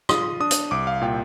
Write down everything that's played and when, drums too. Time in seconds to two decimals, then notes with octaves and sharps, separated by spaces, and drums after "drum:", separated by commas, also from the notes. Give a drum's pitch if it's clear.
0.09 F4 D#6, drum: rim click
0.40 D4 D#6
0.51 drum: hi-hat
0.71 C2 D6
0.87 F5
1.02 A#2 G5